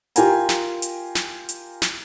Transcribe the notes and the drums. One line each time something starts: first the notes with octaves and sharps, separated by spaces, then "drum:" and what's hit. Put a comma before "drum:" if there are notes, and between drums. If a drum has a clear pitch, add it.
F4 G4 A#4 G5 G#5 A#5, drum: hi-hat
drum: snare
drum: hi-hat
drum: snare
drum: hi-hat
drum: snare